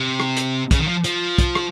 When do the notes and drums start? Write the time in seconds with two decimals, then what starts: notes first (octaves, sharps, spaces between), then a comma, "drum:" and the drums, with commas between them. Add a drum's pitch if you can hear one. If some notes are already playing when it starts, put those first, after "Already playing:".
Already playing: C3
0.20 drum: rim click
0.37 drum: hi-hat
0.71 C#3, drum: kick, hi-hat
0.79 D#3
0.87 F3
1.04 F3, drum: hi-hat
1.38 drum: kick, hi-hat
1.55 drum: rim click